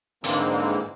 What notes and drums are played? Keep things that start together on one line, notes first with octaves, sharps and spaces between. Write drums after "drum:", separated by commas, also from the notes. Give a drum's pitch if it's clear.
G#2 D3 E3 G#3 A#3 C4, drum: hi-hat